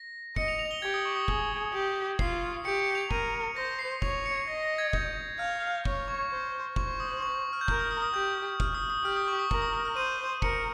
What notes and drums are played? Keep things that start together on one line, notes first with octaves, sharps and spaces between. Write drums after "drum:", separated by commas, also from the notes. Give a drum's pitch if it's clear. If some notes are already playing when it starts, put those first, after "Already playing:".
Already playing: A#6
D#5 C#7, drum: kick
F7
F7
G7
G4 G#6
D#6
C#6
D#6
G#4, drum: kick
G4
F4 C7, drum: kick
G4 C#7
C#7
F7
A#4 D#7, drum: kick
C5 A#6
C7
C#5 F7, drum: kick
C#7
D#5 A#6
A#6
G#6
G6, drum: kick
F5 F6
C#5, drum: kick
C#6
C5
C5 C#6, drum: kick
D#6
C#6
F6
G6
A#4 F6, drum: kick
D#6
D#6
D#6
G4 G6
F6, drum: kick
D#6
D#6
G4 F6
D#6
C#6
D#6
A#4, drum: kick
D#6
D#6
F6
C5 D#7
A#4 C#7, drum: kick